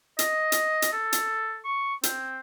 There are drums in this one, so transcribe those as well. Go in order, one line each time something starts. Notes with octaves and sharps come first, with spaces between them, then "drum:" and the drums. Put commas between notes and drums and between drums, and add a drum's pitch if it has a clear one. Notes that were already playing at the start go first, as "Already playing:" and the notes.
D#5, drum: hi-hat
drum: hi-hat
drum: hi-hat
A4
drum: hi-hat
C#6
C4, drum: hi-hat